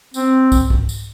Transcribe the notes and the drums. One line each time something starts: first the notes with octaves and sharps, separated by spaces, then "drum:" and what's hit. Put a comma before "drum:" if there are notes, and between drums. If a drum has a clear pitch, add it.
C4, drum: tambourine
drum: kick, tambourine
drum: kick
drum: tambourine